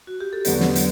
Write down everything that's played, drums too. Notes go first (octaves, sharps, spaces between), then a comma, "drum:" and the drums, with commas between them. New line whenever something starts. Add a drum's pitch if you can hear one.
F#4
G4
A4
E2 D3 F#3 B3 G4 B4, drum: hi-hat
drum: snare
drum: hi-hat